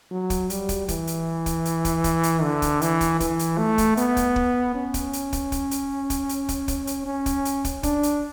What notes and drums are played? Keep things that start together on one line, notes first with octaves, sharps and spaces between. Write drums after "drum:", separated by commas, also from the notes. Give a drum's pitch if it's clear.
F#3
drum: kick, hi-hat
G3, drum: hi-hat
drum: kick, hi-hat
E3, drum: kick, hi-hat
drum: hi-hat
drum: kick, hi-hat
drum: hi-hat
drum: kick, hi-hat
drum: kick, hi-hat
drum: hi-hat
D3
drum: kick, hi-hat
E3, drum: hi-hat
drum: kick, hi-hat
E3, drum: kick, hi-hat
drum: hi-hat
A3
drum: kick, hi-hat
B3, drum: hi-hat
drum: kick, hi-hat
drum: kick
C#4
drum: kick, hi-hat
drum: hi-hat
drum: kick, hi-hat
drum: kick, hi-hat
drum: hi-hat
drum: kick, hi-hat
drum: hi-hat
drum: kick, hi-hat
drum: kick, hi-hat
drum: hi-hat
C#4
drum: kick, hi-hat
drum: hi-hat
drum: kick, hi-hat
D4, drum: kick, hi-hat
drum: hi-hat